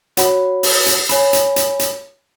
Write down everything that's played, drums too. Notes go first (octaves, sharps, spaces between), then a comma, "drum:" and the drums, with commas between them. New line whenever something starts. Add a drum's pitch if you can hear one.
F#4 C#5 F#5 B5, drum: hi-hat
drum: open hi-hat
drum: hi-hat
C#5 G#5 B5, drum: hi-hat
drum: hi-hat
drum: hi-hat
drum: hi-hat